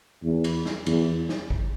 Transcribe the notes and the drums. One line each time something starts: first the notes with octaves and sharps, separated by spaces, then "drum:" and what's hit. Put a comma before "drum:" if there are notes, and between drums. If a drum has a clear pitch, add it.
E2
drum: cymbal
drum: snare
E2, drum: cymbal
drum: snare
drum: kick G#1